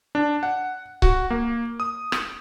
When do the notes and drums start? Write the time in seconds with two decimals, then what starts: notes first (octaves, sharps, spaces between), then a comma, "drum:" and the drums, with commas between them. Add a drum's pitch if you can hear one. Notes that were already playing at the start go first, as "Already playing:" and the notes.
0.15 D4
0.43 F#5
1.02 F#4, drum: kick C#1
1.30 A#3
1.80 D#6
2.12 drum: rim click